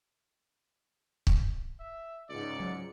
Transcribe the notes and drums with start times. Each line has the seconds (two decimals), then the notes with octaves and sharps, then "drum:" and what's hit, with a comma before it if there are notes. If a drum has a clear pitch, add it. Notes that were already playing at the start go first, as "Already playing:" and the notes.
1.27 drum: kick
1.79 E5
2.29 C#2 G#2 D5 C#7
2.60 F#3